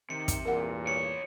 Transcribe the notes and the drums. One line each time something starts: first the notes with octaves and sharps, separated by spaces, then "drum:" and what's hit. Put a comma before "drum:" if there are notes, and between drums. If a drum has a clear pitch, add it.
C3 D#3 C#7
drum: kick, hi-hat
E2 G2 A#2 A#4 F#5
B1 C#5 C#7